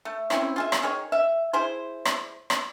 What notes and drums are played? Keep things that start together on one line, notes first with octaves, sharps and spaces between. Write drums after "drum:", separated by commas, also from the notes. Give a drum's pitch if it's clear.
A3
C4 C#4 E4, drum: rim click
F4 G#4 E5
drum: rim click
D#3 G#4 C#5
E5
E4 G#4 C5
drum: rim click
drum: rim click